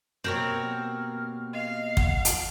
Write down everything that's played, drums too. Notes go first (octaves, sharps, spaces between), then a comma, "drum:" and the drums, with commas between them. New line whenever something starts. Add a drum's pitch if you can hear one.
B2 A#3 C4 G4 A#4 C#5 F6
D#5 F5
F#5, drum: kick
drum: hi-hat